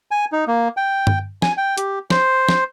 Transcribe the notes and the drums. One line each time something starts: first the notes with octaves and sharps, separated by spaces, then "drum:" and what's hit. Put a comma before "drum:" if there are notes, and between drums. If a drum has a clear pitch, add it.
G#5
D#4
A#3
G5
drum: tom G2
G#5, drum: snare
G5
G4, drum: hi-hat
C5, drum: snare
drum: snare